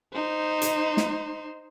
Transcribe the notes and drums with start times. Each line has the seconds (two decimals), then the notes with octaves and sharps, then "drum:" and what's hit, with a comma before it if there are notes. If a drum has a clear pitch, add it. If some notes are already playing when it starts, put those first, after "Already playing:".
0.14 D#4 C5
0.62 drum: hi-hat
0.97 drum: snare